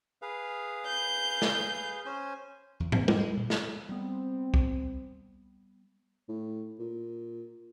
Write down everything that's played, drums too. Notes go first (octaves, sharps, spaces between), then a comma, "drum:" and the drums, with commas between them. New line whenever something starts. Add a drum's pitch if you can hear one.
G#4 B4 F5
G6
drum: snare
C#4 C5 G#5
E2
C4, drum: tom
G2, drum: tom G3
G#3
A#2
drum: snare
G3 B3 C4
drum: kick C2
A2
A#2